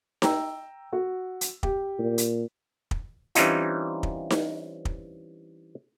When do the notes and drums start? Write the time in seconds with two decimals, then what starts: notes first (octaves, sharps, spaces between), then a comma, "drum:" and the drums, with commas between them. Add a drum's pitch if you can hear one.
0.22 G5 A#5 E6, drum: snare D#4
0.93 F#4
1.41 drum: hi-hat
1.63 G4, drum: kick
1.99 A#2
2.18 drum: hi-hat
2.91 drum: kick
3.35 E3 G3 C4 C#4 D#4 F4, drum: hi-hat
4.03 drum: kick
4.30 drum: snare D#4
4.85 drum: kick